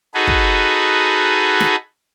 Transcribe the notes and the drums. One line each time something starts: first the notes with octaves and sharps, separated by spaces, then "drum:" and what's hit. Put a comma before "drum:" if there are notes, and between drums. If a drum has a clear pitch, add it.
D#4 F#4 G#4 A4 B4
drum: kick
drum: snare